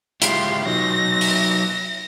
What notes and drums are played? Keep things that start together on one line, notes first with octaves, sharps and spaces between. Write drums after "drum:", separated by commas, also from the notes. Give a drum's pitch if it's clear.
G#3 E4 F4 G4 C6, drum: hi-hat
F#3 D#4 A#6
drum: open hi-hat